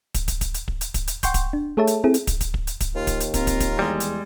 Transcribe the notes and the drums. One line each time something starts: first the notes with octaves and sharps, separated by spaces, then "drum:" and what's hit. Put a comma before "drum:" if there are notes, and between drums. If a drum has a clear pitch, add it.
drum: kick, hi-hat
drum: kick, hi-hat
drum: kick, hi-hat
drum: hi-hat
drum: kick
drum: hi-hat
drum: kick, hi-hat
drum: hi-hat
F#5 G5 C6 C#6 G6, drum: kick, hi-hat
drum: kick, hi-hat
D4
A3 G#4 A4 C#5 E5 A5
drum: hi-hat
C4 E4 G#4 A4
drum: hi-hat
drum: kick, hi-hat
drum: kick, hi-hat
drum: kick
drum: hi-hat
drum: kick, hi-hat
D#2 F4
drum: kick, hi-hat
drum: hi-hat
C4 F4 A#4, drum: kick, hi-hat
drum: kick, hi-hat
drum: kick, hi-hat
E2 G3 G#3
drum: hi-hat